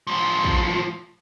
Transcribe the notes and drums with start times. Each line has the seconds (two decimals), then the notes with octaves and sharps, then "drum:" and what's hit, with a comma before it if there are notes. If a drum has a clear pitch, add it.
0.07 A2 F3
0.44 drum: kick